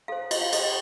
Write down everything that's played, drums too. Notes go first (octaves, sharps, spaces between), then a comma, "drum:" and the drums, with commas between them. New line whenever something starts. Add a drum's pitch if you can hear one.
A4 C5 F5
F4 D#5, drum: cymbal
F5
A4 C5 D#5, drum: cymbal
D#5